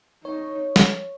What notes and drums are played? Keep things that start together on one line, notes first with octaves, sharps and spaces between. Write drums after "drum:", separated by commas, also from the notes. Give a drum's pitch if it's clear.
D#4 C#5
drum: snare